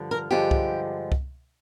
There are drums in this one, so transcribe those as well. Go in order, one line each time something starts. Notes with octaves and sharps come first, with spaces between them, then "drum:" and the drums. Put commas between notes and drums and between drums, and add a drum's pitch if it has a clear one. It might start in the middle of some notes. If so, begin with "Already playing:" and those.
Already playing: G2 D3 F3
A#4
G2 D3 F3 G#3 G4
drum: kick C2
drum: kick C2